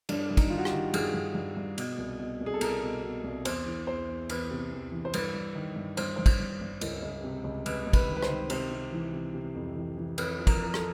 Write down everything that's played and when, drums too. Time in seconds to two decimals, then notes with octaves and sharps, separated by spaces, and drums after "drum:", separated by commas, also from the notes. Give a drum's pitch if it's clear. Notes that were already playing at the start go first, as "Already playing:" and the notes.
0.09 G2 D4, drum: cymbal
0.31 G2
0.37 D#4, drum: kick, cymbal
0.50 D#3 F4
0.58 F#4
0.65 G4, drum: rim click
0.72 D#3
0.94 G2 G#4, drum: cymbal
1.14 G2
1.35 G2
1.57 G2
1.78 B2, drum: cymbal
1.98 C2
2.19 B2
2.41 C2
2.46 G#4
2.54 A4
2.61 C2 A#4, drum: cymbal
2.83 B2
3.03 B2
3.24 C2
3.45 E2 C5, drum: cymbal
3.66 E3
3.87 E2 C5
4.09 E2
4.29 E2 B4, drum: cymbal
4.51 C3
4.72 E2
4.92 E3
5.05 C5
5.14 G2 B4, drum: cymbal
5.34 G2
5.55 D#3
5.76 G2
5.97 G2 C5, drum: cymbal
6.16 G2 C5
6.26 drum: kick, cymbal
6.40 G2
6.61 G2
6.81 C#2, drum: cymbal
7.02 C#2
7.24 C3
7.44 C#2
7.66 C#2 B4, drum: cymbal
7.87 C#2
7.93 B4, drum: kick, cymbal
8.08 D#3
8.17 B4
8.23 C5, drum: rim click
8.29 D#3
8.50 C3 C5, drum: cymbal
8.70 C3
8.93 E3
9.13 C3
9.34 C3
9.55 F2
9.76 E3
9.97 E3
10.18 F2 B4, drum: cymbal
10.39 F3
10.47 A#4, drum: kick, cymbal
10.61 F3 A#4
10.74 A4, drum: rim click